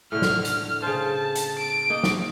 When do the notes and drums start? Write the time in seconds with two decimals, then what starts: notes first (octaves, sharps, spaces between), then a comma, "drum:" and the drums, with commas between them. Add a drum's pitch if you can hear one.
0.12 A2 D3 F6
0.22 drum: snare
0.45 drum: hi-hat
0.82 C#3 C5 A5
1.35 drum: hi-hat
1.58 D7
1.90 A#3 D#4
2.04 drum: snare